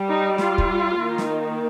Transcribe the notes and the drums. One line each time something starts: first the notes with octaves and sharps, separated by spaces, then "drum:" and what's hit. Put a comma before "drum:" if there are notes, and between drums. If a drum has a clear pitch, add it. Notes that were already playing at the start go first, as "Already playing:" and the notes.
Already playing: G3
D#4
F4, drum: snare
drum: kick
D#3 A#3 D#4
drum: snare